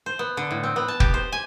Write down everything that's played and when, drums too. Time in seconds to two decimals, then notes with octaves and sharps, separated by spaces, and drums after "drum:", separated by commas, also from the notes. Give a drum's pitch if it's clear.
0.06 C5
0.19 B3
0.37 D3
0.51 A2
0.63 C4
0.76 B3
0.88 A5
1.00 G4, drum: kick
1.14 C5
1.32 G#5